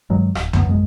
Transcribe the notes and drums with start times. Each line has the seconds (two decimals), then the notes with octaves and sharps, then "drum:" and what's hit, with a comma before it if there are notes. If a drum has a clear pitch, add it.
0.10 G2 D#3 F#3 G#3
0.35 D1, drum: rim click
0.53 F1 F#2 D3 B3, drum: tom C2
0.70 A#1 F#2 G#3